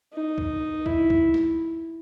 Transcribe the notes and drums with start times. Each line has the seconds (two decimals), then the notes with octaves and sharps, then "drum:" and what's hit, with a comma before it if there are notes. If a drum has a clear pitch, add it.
0.14 D#4
0.38 drum: kick C2
0.86 E4, drum: kick C2
1.10 drum: kick C2
1.34 drum: snare